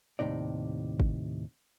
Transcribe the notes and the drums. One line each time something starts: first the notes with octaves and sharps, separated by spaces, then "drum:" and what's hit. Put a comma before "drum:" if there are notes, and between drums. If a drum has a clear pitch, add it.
D#2 A2 C3 D#4 D5
drum: kick G1